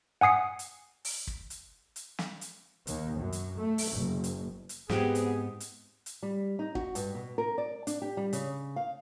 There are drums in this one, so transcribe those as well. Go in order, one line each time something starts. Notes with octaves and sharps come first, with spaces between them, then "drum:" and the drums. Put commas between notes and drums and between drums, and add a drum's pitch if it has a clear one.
F#5 G#5 D#6 C7 C#7
drum: hi-hat
drum: open hi-hat
drum: kick
drum: hi-hat
drum: hi-hat
drum: snare
drum: hi-hat
D#2, drum: hi-hat
F#2
drum: hi-hat
A3
drum: open hi-hat
F#1
drum: hi-hat
drum: hi-hat
G#2 B3 C4 G4 G#4, drum: snare
drum: hi-hat
drum: hi-hat
drum: hi-hat
G3
D#4
F#4, drum: kick
G2, drum: hi-hat
B2
A#4
D5
D4, drum: hi-hat
G4
G3
C#3, drum: hi-hat
F5